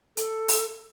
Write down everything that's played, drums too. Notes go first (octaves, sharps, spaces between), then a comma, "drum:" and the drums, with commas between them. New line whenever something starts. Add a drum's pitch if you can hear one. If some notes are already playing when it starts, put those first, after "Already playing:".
A4, drum: hi-hat
drum: open hi-hat